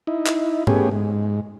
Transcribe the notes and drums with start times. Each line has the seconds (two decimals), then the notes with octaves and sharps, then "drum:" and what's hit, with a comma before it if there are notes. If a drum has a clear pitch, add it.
0.07 D#4 E4
0.26 drum: clap
0.67 A3 B3 C#4 G4 G#4, drum: tom G#2
0.91 G#2